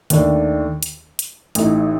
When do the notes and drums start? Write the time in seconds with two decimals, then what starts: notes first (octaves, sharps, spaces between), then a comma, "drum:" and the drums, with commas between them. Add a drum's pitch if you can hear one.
0.10 D#2 D#3 A3 D4 A4, drum: hi-hat
0.83 drum: hi-hat
1.19 drum: hi-hat
1.55 A1 A2 A3 D#4, drum: hi-hat